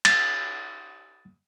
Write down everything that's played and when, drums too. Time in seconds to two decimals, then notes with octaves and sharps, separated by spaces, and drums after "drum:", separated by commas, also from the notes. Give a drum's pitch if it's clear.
0.05 A6, drum: cymbal